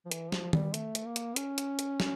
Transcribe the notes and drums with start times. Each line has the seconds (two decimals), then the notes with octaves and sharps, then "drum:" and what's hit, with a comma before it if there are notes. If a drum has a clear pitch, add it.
0.06 F3
0.11 E3, drum: hi-hat
0.32 F3, drum: snare
0.53 G3, drum: tom D#3
0.74 A3, drum: hi-hat
0.95 drum: hi-hat
1.06 A#3
1.16 drum: hi-hat
1.36 C#4, drum: hi-hat
1.58 drum: hi-hat
1.79 drum: hi-hat
2.00 drum: snare